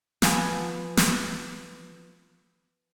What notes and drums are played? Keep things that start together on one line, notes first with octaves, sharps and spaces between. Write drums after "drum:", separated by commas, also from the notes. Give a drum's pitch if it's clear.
F3 B3 G#5, drum: snare
drum: snare